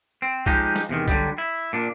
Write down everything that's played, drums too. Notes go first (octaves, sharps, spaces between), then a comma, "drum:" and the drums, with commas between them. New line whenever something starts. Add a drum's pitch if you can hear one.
C4
F3 G#3 D#4 G4, drum: kick C2, tambourine
drum: snare
E2 C3 D#3
D3 F#3 G3, drum: kick C2, tambourine
E4
A#2 D4